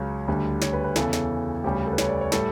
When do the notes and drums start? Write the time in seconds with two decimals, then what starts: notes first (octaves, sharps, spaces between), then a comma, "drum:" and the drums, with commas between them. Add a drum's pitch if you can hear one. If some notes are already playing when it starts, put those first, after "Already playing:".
Already playing: C#2 C#3 F#3 C#5
0.28 D2 D3 G3
0.62 C#5, drum: snare
0.73 B4
0.84 B4
0.96 E2 C#3 E3 A4, drum: snare
1.13 drum: snare
1.64 D2 C#3 G3 G4
1.75 G4
1.87 A4
1.93 B4
1.98 C#5, drum: snare
2.09 D5
2.21 C#5
2.32 A2 G3 A4, drum: snare